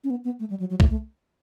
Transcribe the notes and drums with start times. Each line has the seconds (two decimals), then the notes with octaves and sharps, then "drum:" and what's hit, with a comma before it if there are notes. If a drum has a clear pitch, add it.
0.04 C#4
0.10 B3
0.25 B3
0.40 A3
0.50 G3
0.60 F#3
0.70 F#3
0.80 A3, drum: kick C2
0.90 A3